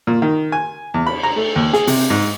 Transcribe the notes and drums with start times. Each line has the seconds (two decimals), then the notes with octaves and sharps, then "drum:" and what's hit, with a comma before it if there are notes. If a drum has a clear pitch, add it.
0.07 A#2
0.22 D#3
0.52 G#5
0.94 E2
1.06 B5, drum: cymbal
1.23 A#5
1.36 A3
1.56 D#2
1.73 G#4, drum: snare
1.87 C3, drum: open hi-hat
2.10 G#2